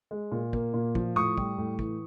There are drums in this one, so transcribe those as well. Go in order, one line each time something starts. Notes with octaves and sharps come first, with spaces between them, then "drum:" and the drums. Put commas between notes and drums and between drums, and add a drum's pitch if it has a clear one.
G#3
A#2
A#3, drum: kick
A#2
F3, drum: kick
A2 C#6 D#6
G3, drum: kick
A2
E3, drum: kick